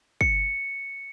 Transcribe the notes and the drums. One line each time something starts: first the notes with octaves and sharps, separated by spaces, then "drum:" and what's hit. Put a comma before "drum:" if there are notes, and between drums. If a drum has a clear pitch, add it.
C#7, drum: kick